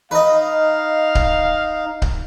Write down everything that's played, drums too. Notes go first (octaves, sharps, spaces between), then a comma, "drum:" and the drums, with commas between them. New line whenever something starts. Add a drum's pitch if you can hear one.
D#4 B4 D#5 F5
drum: kick C#1
drum: kick C#1